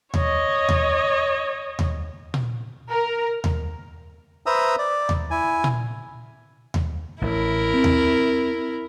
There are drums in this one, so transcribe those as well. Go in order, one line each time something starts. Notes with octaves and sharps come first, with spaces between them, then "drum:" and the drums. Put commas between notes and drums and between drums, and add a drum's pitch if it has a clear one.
C#5 D#5, drum: tom D#2
drum: tom D#2
drum: tom D#2
drum: tom A#2
A#4
drum: tom D#2
B4 C5 E5 A#5 D#6 E6
D5
drum: tom D#2
E4 G#5
drum: tom A#2
drum: tom D#2
A1 E4 A#4
C4
drum: tom D#2